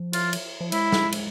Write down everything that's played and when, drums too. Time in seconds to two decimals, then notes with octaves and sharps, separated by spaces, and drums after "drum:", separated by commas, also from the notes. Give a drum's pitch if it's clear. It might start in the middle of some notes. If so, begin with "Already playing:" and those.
Already playing: F3
0.13 F4, drum: cymbal
0.33 drum: cymbal
0.61 F3
0.72 G#3 E4, drum: cymbal
0.92 drum: snare
1.12 drum: cymbal